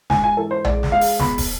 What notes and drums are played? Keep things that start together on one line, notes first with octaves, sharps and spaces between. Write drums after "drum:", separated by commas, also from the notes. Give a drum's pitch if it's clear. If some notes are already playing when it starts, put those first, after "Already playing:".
G#2 G#5, drum: snare
G#5
E3 A4
C5
G#3 D5, drum: tom A#1
drum: snare
G#3 F5
drum: open hi-hat
B3 B5, drum: snare
drum: kick, open hi-hat